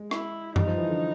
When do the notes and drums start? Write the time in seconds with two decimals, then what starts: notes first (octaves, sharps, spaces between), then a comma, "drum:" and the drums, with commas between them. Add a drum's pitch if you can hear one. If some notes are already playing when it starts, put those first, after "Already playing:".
Already playing: G#3
0.11 E4, drum: rim click
0.56 G3 D#4, drum: tom
0.67 F3
0.78 E3
0.89 D3